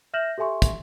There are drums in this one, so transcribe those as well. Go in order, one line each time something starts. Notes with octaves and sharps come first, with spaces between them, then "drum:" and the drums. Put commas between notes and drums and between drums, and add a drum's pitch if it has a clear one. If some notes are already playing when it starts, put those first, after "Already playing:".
E5 F6 G6 A#6 E7 F#7
G4 A4 E5 G#5 C6 C#6
drum: kick, hi-hat